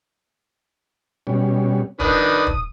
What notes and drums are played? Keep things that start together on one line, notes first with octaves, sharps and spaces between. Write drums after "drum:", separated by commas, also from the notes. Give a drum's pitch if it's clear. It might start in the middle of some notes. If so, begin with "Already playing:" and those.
B2 G3 C#4
D#3 D4 B4 D#6, drum: kick
drum: kick